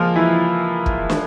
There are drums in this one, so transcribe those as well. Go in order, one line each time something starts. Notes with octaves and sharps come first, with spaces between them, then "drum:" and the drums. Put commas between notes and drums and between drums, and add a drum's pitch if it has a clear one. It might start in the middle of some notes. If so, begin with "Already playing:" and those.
Already playing: F3 G#3 A#3 F4 A#4
E3 E4
drum: kick
drum: snare